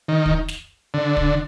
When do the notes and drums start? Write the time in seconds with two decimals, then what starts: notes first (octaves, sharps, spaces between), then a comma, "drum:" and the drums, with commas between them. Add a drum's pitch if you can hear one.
0.08 D#3
0.26 drum: kick
0.48 drum: snare
0.94 D3
1.17 drum: kick